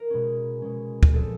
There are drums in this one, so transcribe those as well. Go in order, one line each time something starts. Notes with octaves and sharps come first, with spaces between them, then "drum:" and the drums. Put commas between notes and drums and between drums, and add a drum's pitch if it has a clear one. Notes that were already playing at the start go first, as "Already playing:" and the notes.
Already playing: A#4
B2 G#3 C#4
B2 G#3 C#4
drum: kick
A#2 F3 G#3 C4 A4